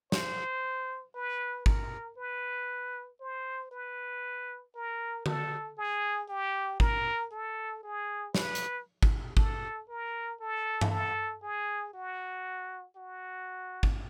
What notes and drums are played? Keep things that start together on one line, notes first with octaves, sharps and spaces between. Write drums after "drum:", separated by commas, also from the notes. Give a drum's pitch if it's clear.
C5, drum: snare
B4
A#4, drum: kick
B4
C5
B4
A#4
A4, drum: tom D3
G#4
G4
A#4, drum: kick
A4
G#4
B4, drum: snare
drum: hi-hat
drum: kick
A4, drum: kick
A#4
A4
drum: tom G2
A4
G#4
F#4
F#4
drum: kick